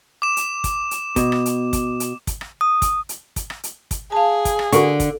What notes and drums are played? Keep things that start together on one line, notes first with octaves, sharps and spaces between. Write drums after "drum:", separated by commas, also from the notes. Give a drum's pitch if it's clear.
D6 E7
drum: hi-hat
drum: kick, hi-hat
drum: hi-hat
B2, drum: kick, hi-hat
drum: rim click
drum: hi-hat
drum: kick, hi-hat
drum: hi-hat
drum: kick, hi-hat
drum: rim click
D#6
drum: kick, hi-hat
drum: hi-hat
drum: kick, hi-hat
drum: rim click
drum: hi-hat
drum: kick, hi-hat
G#4 F5 A5
drum: kick, hi-hat
drum: rim click
D3 F#4 A#4 C#6, drum: hi-hat
drum: kick, hi-hat